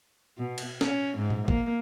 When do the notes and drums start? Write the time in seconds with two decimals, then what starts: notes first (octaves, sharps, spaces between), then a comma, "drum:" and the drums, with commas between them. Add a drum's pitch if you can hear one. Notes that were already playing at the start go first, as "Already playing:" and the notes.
0.38 B2
0.58 drum: cymbal
0.81 C#4, drum: snare
1.18 G#2
1.30 drum: tom A#2
1.48 A#3, drum: kick